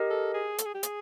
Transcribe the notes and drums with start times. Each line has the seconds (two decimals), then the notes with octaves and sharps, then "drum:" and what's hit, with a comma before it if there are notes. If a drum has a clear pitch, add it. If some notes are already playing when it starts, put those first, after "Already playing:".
Already playing: G4 A#4 D#5
0.10 A4
0.34 G#4
0.58 A4, drum: hi-hat
0.66 G#4
0.74 G4
0.83 G#4, drum: hi-hat